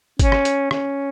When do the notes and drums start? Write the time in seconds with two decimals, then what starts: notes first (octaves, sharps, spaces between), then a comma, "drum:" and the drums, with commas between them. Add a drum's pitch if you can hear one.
0.19 C#4, drum: kick G1, hi-hat
0.32 drum: rim click
0.45 drum: hi-hat
0.71 C#4, drum: rim click